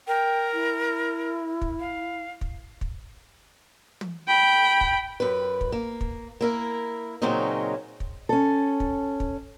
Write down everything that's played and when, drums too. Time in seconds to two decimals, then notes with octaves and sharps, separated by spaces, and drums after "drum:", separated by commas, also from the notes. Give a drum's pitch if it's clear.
0.08 A#4 G5
0.53 E4
1.62 drum: kick
1.80 F5
2.41 drum: kick
2.81 drum: kick
4.01 drum: tom
4.28 G5 B5
4.81 drum: kick
5.20 F#2 B4
5.61 drum: kick
5.72 A#3
6.01 drum: kick
6.41 A#3 E4 A#4
7.22 A#2 C#3 F#3 C4 C#4 D#4
8.00 drum: kick
8.29 C#4 A4
8.80 drum: kick
9.20 drum: kick